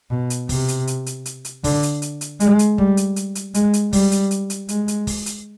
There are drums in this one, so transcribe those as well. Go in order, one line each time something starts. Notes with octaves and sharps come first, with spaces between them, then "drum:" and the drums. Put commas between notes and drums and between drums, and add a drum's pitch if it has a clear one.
B2
drum: hi-hat
C3, drum: kick, open hi-hat
drum: hi-hat
drum: hi-hat
drum: hi-hat
drum: hi-hat
drum: hi-hat
D3, drum: kick, open hi-hat
drum: hi-hat
drum: hi-hat
drum: hi-hat
G#3, drum: hi-hat
drum: hi-hat
G3, drum: kick
drum: hi-hat
drum: hi-hat
drum: hi-hat
G#3, drum: hi-hat
drum: hi-hat
G3, drum: kick, open hi-hat
drum: hi-hat
drum: hi-hat
drum: hi-hat
G#3, drum: hi-hat
drum: hi-hat
drum: kick, open hi-hat
drum: hi-hat